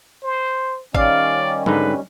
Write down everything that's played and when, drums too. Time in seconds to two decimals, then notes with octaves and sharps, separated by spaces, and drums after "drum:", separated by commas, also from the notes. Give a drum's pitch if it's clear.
0.23 C5
0.94 D#3 G3 C#4 D5 F5, drum: kick
1.66 G#2 D3 D#4 B4, drum: tom